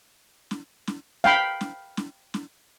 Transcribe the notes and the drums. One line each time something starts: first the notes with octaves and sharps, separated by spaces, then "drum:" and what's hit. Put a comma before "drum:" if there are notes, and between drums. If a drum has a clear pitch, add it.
drum: snare
drum: snare
F5 G5 B5, drum: snare
drum: snare
drum: snare
drum: snare